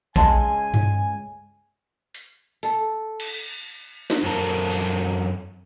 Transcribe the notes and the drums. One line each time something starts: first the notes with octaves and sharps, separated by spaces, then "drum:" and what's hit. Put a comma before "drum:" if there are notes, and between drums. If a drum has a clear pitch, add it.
C#2 G#3 G#5 A5, drum: kick A#1
drum: tom G2
drum: hi-hat
A4, drum: hi-hat
drum: cymbal
drum: snare
F#2 C4 A4 A#4
drum: open hi-hat